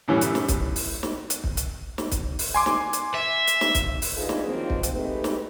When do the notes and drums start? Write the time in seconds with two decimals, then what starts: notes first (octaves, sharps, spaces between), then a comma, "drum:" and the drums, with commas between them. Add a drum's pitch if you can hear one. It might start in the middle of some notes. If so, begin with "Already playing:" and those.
0.08 F#2 A2 E3 G3
0.21 drum: hi-hat
0.35 drum: snare
0.49 drum: kick, hi-hat
0.76 drum: open hi-hat
1.03 drum: snare
1.30 drum: hi-hat
1.44 drum: kick
1.57 drum: hi-hat
1.98 drum: snare
2.12 drum: kick, hi-hat
2.39 drum: open hi-hat
2.54 G#5 C6 D6
2.66 drum: snare
2.93 drum: hi-hat
3.15 E5
3.47 drum: hi-hat
3.61 drum: snare
3.75 drum: kick, hi-hat
4.02 drum: open hi-hat
4.17 D2 D3 D#4 F4 G#4 B4
4.29 drum: snare
4.46 D#3 F3 F#3 A#3 C4
4.70 drum: kick
4.83 drum: hi-hat
4.93 G#3 A3 D#4 G4 B4
5.24 drum: snare